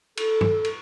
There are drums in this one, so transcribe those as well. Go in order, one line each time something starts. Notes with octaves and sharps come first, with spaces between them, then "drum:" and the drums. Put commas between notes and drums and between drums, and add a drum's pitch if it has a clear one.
A4, drum: cymbal
drum: tom G2
drum: cymbal